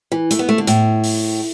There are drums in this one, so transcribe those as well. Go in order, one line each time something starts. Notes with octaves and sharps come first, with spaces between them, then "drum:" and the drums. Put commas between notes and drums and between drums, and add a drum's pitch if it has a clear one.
E3
A3, drum: hi-hat
B3
A3
D3
A2, drum: hi-hat
drum: open hi-hat